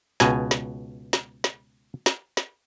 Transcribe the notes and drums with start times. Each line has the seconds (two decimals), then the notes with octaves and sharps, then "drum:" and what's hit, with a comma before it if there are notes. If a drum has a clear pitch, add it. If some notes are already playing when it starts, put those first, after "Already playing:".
0.20 C#2 B2 G#5, drum: snare
0.51 drum: snare
1.13 drum: snare
1.44 drum: snare
2.06 drum: snare
2.37 drum: snare